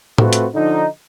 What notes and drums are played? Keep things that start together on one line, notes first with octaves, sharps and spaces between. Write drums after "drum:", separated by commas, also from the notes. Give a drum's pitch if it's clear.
A3 C4 F4 F#4 B4, drum: tom A2
drum: hi-hat
D3 F3 D#4